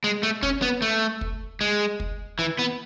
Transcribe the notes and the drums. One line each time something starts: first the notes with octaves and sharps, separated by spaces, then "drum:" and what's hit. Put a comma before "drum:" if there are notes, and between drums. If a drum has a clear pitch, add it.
G#3
A3
C#4, drum: kick
B3
A3
drum: kick
G#3
drum: kick
E3
B3